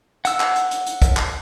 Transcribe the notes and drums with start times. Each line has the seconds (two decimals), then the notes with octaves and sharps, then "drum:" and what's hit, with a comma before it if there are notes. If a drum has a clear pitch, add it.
0.25 F#5 E6, drum: hi-hat
0.40 drum: clap
0.56 drum: hi-hat
0.71 drum: hi-hat
0.86 drum: hi-hat
1.02 drum: kick, hi-hat
1.17 drum: clap